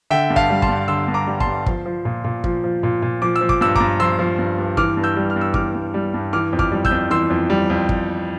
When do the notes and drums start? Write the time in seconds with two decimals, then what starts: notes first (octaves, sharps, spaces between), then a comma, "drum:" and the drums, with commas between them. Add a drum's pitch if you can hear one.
0.10 D3 E5 G5
0.30 G2
0.36 F5 A5, drum: kick
0.50 G3
0.62 A5 C6, drum: kick
0.69 G2
0.88 D3 C6 E6
1.08 G2
1.14 A#5 D6
1.27 G3
1.40 A5 C6, drum: kick
1.47 G2
1.66 F3, drum: kick
1.86 F3
2.05 A#2
2.24 A#2
2.44 F3, drum: kick
2.64 F3
2.83 A#2
3.02 A#2
3.22 F3 D6
3.36 E6
3.41 F3
3.49 D6, drum: kick
3.61 G2 E6
3.76 G2 A#5 D6, drum: kick
4.00 F3 C6 E6
4.19 F3
4.39 G2
4.58 G2
4.77 E3 D6 F6, drum: kick
4.97 G2
5.03 E6 G6
5.17 G3
5.30 F6
5.36 G2
5.41 E6
5.54 E3 D6 F6, drum: kick
5.75 G2
5.94 G3
6.14 G2
6.33 E3 D6 F6
6.53 F2
6.59 D6 F6, drum: kick
6.72 G3
6.85 E6 G6, drum: kick
6.91 F2
7.11 E3 C6 E6
7.30 F2
7.50 G3
7.70 F2
7.89 drum: kick